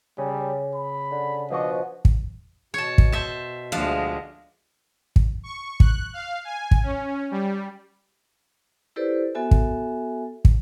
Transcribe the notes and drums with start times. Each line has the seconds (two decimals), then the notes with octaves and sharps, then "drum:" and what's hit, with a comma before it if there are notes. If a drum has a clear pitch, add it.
0.18 C#3 G3
0.75 B5
1.11 D3
1.50 B2 F3 D4 D#5 C#6
2.05 drum: kick
2.74 B2 C#5 A5
2.98 drum: kick
3.12 C5 E5 A5
3.72 D2 F3 G#3 D4 F5
5.16 drum: kick
5.43 C#6
5.80 F#6, drum: kick
6.13 F5
6.45 G#5
6.71 drum: kick
6.83 C#4
7.31 G3
8.96 E4 G4 A4 B4 C5 D5
9.35 B3 F#4 A4 E5 G#5
9.51 drum: kick
10.45 drum: kick